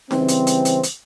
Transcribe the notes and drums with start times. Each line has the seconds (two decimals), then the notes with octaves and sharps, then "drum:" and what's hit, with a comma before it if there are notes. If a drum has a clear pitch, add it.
0.11 C#3 E3 G3 C4, drum: snare D#4
0.28 drum: hi-hat
0.47 drum: hi-hat
0.65 drum: hi-hat
0.83 drum: hi-hat